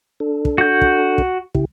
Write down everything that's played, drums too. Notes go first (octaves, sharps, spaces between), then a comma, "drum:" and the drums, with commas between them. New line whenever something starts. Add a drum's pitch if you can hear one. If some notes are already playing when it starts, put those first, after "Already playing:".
D4 A4
drum: kick
F#4 G6
drum: kick
drum: kick
C#3 E4 G4, drum: kick